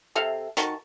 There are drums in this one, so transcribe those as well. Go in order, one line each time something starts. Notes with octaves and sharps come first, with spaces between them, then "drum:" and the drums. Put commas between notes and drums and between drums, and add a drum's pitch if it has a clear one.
C3 A4 F5
D#3 F#4 A5, drum: hi-hat